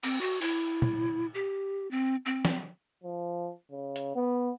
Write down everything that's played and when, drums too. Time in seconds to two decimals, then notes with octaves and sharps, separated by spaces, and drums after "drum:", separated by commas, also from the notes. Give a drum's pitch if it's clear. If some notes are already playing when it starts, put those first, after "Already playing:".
0.03 C4, drum: cymbal
0.21 F#4
0.41 E4, drum: open hi-hat
0.82 drum: tom
1.34 G4
1.91 C4
2.26 C4
2.45 drum: snare
3.04 F3
3.71 C#3
3.96 drum: hi-hat
4.16 B3